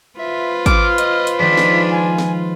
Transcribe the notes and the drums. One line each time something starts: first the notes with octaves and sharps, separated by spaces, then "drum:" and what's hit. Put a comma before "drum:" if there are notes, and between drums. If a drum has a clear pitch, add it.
F4 B4 C5 E5
D6 F6, drum: kick, hi-hat
D#5, drum: hi-hat
drum: hi-hat
D#3 F3 G#3 D4 B6
drum: snare
G#5
drum: snare